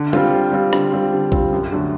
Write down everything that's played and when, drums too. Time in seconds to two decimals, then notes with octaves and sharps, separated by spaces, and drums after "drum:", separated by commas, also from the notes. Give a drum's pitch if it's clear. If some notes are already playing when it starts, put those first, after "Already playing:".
Already playing: D3
0.13 G3 C4 F4, drum: tom
0.33 D3
0.52 G3 C4 F4
0.73 D3, drum: rim click
0.92 G3 C4 F4
1.12 D3
1.32 G3 C4 F4, drum: kick A#1
1.52 F#2
1.72 D3 F#3 A3